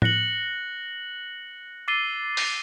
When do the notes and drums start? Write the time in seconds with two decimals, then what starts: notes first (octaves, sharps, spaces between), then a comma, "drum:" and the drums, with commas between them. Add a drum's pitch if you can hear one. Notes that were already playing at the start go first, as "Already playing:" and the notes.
0.02 F#6 A#6 C#7 F#7, drum: tom A2
1.88 D6 E6 A6 C7 D#7 G7
2.37 drum: open hi-hat